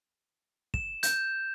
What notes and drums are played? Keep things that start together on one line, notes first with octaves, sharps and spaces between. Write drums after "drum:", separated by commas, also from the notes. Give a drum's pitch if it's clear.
E7, drum: kick
G6, drum: hi-hat